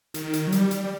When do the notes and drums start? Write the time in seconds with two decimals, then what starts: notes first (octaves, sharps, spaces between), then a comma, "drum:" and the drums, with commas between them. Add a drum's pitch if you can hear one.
0.14 D#3, drum: hi-hat
0.33 drum: hi-hat
0.47 F#3
0.52 G3, drum: hi-hat
0.71 drum: hi-hat
0.84 G3